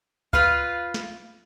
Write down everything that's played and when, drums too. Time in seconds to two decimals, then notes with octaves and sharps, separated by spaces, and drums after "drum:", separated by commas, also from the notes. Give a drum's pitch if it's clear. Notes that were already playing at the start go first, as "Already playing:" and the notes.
0.33 F4 B4 F5, drum: kick C#2
0.94 drum: snare